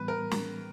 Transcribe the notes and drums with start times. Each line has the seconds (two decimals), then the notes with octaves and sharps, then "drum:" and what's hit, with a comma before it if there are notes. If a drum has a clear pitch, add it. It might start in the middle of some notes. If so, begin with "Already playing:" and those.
Already playing: A2 E3 G3 B3 B4
0.08 A#4
0.31 drum: snare